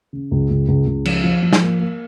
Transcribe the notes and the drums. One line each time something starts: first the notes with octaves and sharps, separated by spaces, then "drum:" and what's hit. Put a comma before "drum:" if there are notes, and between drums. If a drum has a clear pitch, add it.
C#3
C#2
C#2
C#2
C#2
F3, drum: cymbal
F3
F3
drum: snare
A#3
A#3